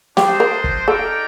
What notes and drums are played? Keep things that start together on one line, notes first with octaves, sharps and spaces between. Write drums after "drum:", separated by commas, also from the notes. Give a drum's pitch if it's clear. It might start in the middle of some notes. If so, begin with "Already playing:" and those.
D4 F4 G4 C5 D#5, drum: snare
A#4
drum: kick
D#4 G4 A4 A#4 D5 G5